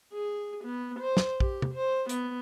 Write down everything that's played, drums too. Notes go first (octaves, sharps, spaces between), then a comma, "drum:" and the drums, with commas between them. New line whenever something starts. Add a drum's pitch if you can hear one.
G#4
B3
C5
drum: snare
G4, drum: kick
drum: tom
C5
B3, drum: hi-hat